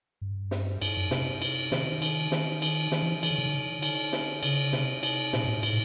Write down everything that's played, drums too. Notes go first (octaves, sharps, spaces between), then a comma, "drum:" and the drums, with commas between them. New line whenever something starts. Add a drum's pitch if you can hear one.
G2
drum: snare
G2, drum: cymbal
F#2
C3, drum: snare
drum: cymbal
D#3, drum: snare
drum: cymbal
D#3, drum: snare
drum: cymbal
D#3, drum: snare
E3
D#3, drum: cymbal
D3
C#3
D3
drum: cymbal
drum: snare
C#3, drum: cymbal
C3, drum: snare
drum: cymbal
A#2, drum: snare
G#2
A2
A2, drum: cymbal